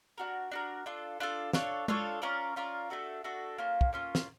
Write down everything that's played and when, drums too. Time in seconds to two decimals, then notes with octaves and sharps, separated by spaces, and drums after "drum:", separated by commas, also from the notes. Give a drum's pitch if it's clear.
0.18 D4 F#4 A#4
0.52 D4 F#4 A#4
0.86 D4 F4 A4
1.20 D4 F4 A4
1.53 D4 F4 A4 C#5, drum: snare
1.88 D4 F4 A4 C#5, drum: tom G#3
2.22 C#4 F4 A#4 D5
2.56 C#4 F4 A#4 D5
2.90 A3 D4 F#4 A4
3.24 A3 D4 F#4 A4
3.58 A#3 C#4 F4
3.81 drum: kick
3.93 A#3 C#4 F4
4.15 drum: snare